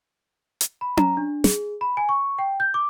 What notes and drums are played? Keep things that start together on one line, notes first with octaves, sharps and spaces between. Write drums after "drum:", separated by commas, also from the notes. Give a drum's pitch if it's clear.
drum: hi-hat
B5
A#5, drum: tom C#4
D4
G#4, drum: snare
B5
G#5
C#6
G5
G6
D6